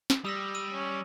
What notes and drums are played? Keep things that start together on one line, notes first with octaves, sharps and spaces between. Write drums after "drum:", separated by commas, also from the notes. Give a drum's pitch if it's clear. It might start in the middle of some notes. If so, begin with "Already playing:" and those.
drum: snare
G3 D#6 E6 A#6
E6 D#7
C#4